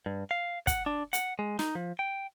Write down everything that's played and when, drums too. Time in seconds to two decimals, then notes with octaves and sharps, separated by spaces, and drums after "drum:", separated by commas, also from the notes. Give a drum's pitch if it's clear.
0.06 G2
0.31 F5
0.67 F#5, drum: kick, hi-hat
0.86 D4
1.13 F#5, drum: hi-hat
1.39 G#3
1.59 D#4, drum: snare
1.75 F3
1.99 G5